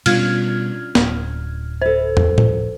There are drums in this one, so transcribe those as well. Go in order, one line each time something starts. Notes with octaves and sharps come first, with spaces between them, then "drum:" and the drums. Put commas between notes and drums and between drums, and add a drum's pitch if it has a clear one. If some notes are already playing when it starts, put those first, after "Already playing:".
B2 G3 C#4 D4 F4 F6 G#6, drum: cymbal
D1, drum: snare
A4 B4 C5
drum: tom
drum: tom A2